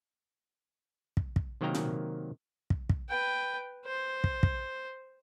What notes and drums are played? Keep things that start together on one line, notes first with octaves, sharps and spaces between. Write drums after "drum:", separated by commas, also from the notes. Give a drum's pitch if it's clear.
drum: kick
drum: kick
C3 D#3 F#3 A#3 G5 A#5
drum: tom A#2
drum: kick
drum: kick
B4 G5
C5
drum: kick
drum: kick